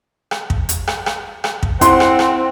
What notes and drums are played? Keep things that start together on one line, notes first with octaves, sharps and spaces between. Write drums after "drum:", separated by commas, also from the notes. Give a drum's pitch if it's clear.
drum: rim click
drum: kick
drum: hi-hat
drum: rim click
drum: rim click
drum: rim click
drum: kick
C4 E4 F#5 C6, drum: hi-hat
drum: rim click
drum: rim click